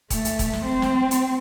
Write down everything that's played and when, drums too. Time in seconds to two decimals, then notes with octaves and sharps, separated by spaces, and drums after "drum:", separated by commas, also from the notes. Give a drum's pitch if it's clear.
0.10 A3, drum: kick E1, hi-hat
0.25 drum: hi-hat
0.39 drum: kick E1, hi-hat
0.53 drum: snare
0.64 C4
0.82 drum: snare
1.11 drum: hi-hat